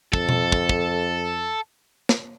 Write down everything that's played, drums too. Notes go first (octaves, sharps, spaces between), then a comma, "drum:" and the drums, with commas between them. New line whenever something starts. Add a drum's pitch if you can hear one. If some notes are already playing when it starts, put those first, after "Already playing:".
F2 A4, drum: kick
drum: tom B2
drum: kick
drum: kick
drum: snare